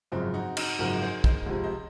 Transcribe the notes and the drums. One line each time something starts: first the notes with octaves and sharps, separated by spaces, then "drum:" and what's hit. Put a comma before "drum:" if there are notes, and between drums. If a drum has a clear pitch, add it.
G#1 F#2 C#3 F3 C4 D#4
D#4 F#4
D#4 F#4, drum: cymbal
G#1 F#2 C#3 F3 F#4 A#4
G#4 C5
C5 D#5, drum: kick
C#2 C3 F3
C5 D#5